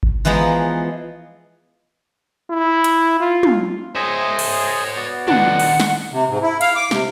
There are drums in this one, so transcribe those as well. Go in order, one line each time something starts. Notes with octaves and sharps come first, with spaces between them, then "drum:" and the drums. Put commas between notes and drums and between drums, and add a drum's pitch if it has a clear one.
drum: kick G#1
E3 F3 G#3 B3 A#5
E4
drum: hi-hat
F4
drum: tom
G#4 C5 C#5 D#5 E5
drum: cymbal
B3 F#4 D5
D#3 D4 F#5, drum: tom
drum: cymbal
drum: snare
C3
G#2
E4
F5, drum: cymbal
D6
C3, drum: snare